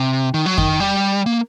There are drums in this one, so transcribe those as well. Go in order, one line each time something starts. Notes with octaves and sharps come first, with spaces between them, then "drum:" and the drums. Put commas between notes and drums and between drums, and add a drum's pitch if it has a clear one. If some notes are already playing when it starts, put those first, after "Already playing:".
Already playing: C3
D#3
F#3
D#3, drum: kick F2
G3
A#3